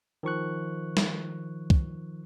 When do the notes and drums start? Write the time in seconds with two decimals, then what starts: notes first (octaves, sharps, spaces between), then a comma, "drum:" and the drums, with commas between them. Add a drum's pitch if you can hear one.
0.23 D#3 F3 C#6 F#6
0.97 drum: snare
1.70 drum: kick